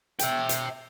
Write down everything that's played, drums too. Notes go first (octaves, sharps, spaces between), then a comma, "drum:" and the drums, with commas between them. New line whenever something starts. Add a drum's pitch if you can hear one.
E5 G5, drum: hi-hat
drum: hi-hat